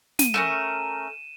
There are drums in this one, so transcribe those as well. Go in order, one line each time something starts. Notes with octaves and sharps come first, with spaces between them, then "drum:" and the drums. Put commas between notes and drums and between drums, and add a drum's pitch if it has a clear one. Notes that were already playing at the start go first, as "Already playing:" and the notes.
D#7, drum: snare
A3 C#4 A#4 E7